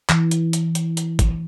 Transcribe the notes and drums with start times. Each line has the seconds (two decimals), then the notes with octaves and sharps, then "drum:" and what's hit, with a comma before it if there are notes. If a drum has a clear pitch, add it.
0.09 E3, drum: clap
0.31 drum: hi-hat
0.53 drum: hi-hat
0.75 drum: hi-hat
0.97 drum: hi-hat
1.19 drum: kick, hi-hat